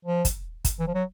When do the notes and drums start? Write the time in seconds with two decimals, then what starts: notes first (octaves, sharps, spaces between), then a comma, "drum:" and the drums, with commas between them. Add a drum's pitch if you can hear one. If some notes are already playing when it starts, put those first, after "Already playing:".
0.05 F3
0.25 drum: kick, hi-hat
0.65 drum: kick, hi-hat
0.79 E3
0.87 F3
0.94 F#3